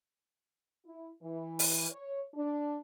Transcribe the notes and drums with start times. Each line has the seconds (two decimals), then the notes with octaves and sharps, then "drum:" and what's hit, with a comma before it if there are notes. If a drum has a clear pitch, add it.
0.86 E4
1.22 E3
1.59 drum: open hi-hat
1.90 C#5
2.34 D4